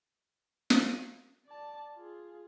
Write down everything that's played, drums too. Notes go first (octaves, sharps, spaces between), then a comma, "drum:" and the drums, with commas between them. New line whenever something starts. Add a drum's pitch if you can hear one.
drum: snare
D5 A5
F4 G#4